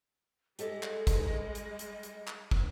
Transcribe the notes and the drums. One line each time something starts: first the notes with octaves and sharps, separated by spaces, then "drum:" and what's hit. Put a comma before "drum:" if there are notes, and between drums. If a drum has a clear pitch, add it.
G3 G#3 G4 A4 D5 D#5, drum: hi-hat
drum: clap
drum: kick, hi-hat
drum: hi-hat
drum: hi-hat
drum: hi-hat
drum: clap
drum: kick